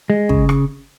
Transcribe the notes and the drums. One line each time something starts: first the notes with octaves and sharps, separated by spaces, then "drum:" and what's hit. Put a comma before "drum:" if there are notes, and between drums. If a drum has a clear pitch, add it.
G#3
C#3, drum: kick
drum: rim click